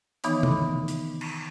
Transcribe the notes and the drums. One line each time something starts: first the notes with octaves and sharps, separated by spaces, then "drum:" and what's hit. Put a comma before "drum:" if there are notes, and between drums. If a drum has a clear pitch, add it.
D#3 E3 B3 D#4 C#5 D6, drum: hi-hat
drum: tom C3
drum: hi-hat
drum: cymbal